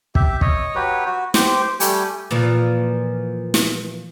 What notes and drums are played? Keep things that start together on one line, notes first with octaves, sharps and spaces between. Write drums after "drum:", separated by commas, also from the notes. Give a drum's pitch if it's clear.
G4 E5, drum: kick
C#5 D#5, drum: kick
F#3 G4 B4 C#5
F#4
G4 C5 D6, drum: snare
G3 A3 G4 G#5, drum: hi-hat
A#2 E3 F3
drum: snare